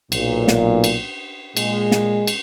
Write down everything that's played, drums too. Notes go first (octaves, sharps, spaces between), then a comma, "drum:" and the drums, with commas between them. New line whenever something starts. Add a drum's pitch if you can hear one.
B1 A#2, drum: cymbal
drum: snare
drum: cymbal
A#2 G#3, drum: cymbal
drum: snare
drum: cymbal